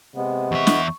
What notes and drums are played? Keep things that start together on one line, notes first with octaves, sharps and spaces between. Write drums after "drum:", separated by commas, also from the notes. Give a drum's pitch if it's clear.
C3 G#3 B3
E2 E5 C#6
drum: snare